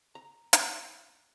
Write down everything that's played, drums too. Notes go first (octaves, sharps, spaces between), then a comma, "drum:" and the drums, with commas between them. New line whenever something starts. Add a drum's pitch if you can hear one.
A#5
drum: hi-hat